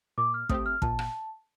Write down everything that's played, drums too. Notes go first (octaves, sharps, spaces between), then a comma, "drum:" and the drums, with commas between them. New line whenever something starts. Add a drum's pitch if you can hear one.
A#2 D6
F6
A3 C4 G4 D#6, drum: kick
F6
A#2 A5, drum: kick
drum: rim click